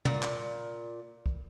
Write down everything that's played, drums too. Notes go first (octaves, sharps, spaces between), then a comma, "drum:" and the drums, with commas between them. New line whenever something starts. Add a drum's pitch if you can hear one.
A#2, drum: tom
drum: clap
drum: kick